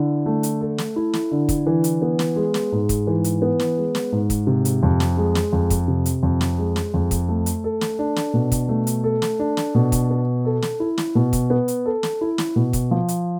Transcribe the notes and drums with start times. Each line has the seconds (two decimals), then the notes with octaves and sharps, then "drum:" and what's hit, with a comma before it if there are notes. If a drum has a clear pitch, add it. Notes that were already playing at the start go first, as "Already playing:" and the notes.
Already playing: D3 E4
0.26 A3
0.43 drum: hi-hat
0.61 A4
0.78 drum: snare
0.96 E4
1.13 drum: snare
1.31 D3
1.49 drum: kick, hi-hat
1.67 E3
1.84 drum: hi-hat
2.02 B3
2.19 drum: snare
2.36 G#3
2.54 drum: snare
2.72 G#2
2.89 drum: kick, hi-hat
3.07 E3
3.24 drum: hi-hat
3.42 B3
3.60 drum: snare
3.78 G#3
3.95 drum: snare
4.12 G#2
4.30 drum: kick, hi-hat
4.47 C3
4.65 drum: hi-hat
4.83 F2
5.00 drum: snare
5.17 G#3
5.35 drum: snare
5.53 F2
5.70 drum: kick, hi-hat
5.88 C3
6.06 drum: hi-hat
6.23 F2
6.41 drum: snare
6.58 G#3
6.76 drum: snare
6.94 F2
7.11 drum: kick, hi-hat
7.29 A3
7.46 drum: hi-hat
7.64 A4
7.81 drum: snare
7.99 D4
8.16 drum: snare
8.34 B2
8.52 drum: kick, hi-hat
8.69 A3
8.87 drum: hi-hat
9.04 A4
9.22 drum: snare
9.39 D4
9.57 drum: snare
9.75 B2
9.92 drum: kick, hi-hat
10.10 B3
10.45 A4
10.62 drum: snare
10.80 E4
10.98 drum: snare
11.15 B2
11.33 drum: kick, hi-hat
11.50 B3
11.68 drum: hi-hat
11.86 A4
12.03 drum: snare
12.21 E4
12.38 drum: snare
12.56 B2
12.73 drum: kick, hi-hat
12.91 F3
13.08 drum: hi-hat